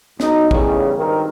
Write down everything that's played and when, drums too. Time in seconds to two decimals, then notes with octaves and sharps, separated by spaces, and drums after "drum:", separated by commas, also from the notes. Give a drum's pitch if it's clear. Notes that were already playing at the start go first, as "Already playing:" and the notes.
0.20 B1 D#4, drum: snare
0.51 E2 A2 C#3 G3 C#4 D#4, drum: kick
0.97 G#1 G2 D#3 C4 A#4